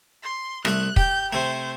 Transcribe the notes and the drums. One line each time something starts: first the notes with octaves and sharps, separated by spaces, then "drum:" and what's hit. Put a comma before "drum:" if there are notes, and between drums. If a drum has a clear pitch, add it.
C6
C2 A3 F#6, drum: rim click
G4 G6, drum: kick
C3 A3 C5